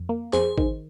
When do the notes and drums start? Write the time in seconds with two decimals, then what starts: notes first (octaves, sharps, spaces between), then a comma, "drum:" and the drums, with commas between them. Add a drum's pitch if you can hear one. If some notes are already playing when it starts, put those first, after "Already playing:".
Already playing: F2
0.09 A#3
0.33 F2 G#4 C5, drum: clap
0.58 D#3, drum: kick G#1